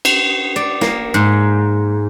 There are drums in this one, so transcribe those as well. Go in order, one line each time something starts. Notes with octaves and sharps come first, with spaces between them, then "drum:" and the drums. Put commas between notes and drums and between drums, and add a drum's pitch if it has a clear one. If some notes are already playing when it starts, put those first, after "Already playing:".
drum: cymbal
D5
A#3, drum: snare
G#2